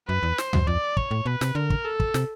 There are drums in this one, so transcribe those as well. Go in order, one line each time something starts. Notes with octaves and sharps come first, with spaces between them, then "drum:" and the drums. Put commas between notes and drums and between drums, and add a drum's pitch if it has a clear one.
F#2 B4
E2
C5, drum: snare
F#2, drum: tom D2
F2 D5
C#5, drum: kick
A2
B2 B4
C3, drum: snare
D3 A#4
drum: kick
A4
drum: kick
C3, drum: snare